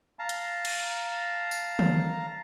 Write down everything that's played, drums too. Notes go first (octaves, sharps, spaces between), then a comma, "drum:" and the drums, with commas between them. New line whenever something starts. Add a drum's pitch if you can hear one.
F5 A5 A#5
drum: hi-hat
drum: cymbal
drum: tambourine
drum: tom